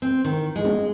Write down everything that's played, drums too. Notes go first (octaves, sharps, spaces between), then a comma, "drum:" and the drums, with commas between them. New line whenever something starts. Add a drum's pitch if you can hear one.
C4
D#3
G#3
drum: tom